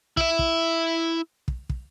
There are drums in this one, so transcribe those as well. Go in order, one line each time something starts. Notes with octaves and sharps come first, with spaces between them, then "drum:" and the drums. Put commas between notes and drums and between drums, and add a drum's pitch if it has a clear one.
E4 E5, drum: kick
drum: kick
drum: kick
drum: kick